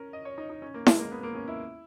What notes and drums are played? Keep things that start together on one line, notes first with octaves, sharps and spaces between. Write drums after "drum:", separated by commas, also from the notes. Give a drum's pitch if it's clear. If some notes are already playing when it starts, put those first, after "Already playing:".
Already playing: C#4 A#4
D#5
C#5
D#4
D#4
C#4
A#3
G#3, drum: snare E4
A#3
B3
A#3
C#4
E4